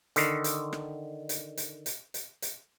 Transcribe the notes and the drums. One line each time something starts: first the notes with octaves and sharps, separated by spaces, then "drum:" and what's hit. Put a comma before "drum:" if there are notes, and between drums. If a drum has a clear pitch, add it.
D3 D#3, drum: hi-hat
drum: hi-hat
drum: rim click
drum: hi-hat
drum: hi-hat
drum: hi-hat
drum: hi-hat
drum: hi-hat